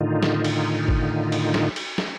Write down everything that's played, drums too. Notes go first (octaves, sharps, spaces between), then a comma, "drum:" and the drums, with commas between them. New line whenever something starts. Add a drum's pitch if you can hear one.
A2 D3 D#3 D#4 F4
drum: snare
drum: cymbal
drum: kick
drum: cymbal
drum: snare
drum: cymbal
drum: snare